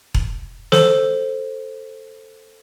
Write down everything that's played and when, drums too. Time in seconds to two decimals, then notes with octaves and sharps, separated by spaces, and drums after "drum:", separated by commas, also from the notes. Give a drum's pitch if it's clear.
0.14 drum: kick E1
0.72 A4 C5, drum: snare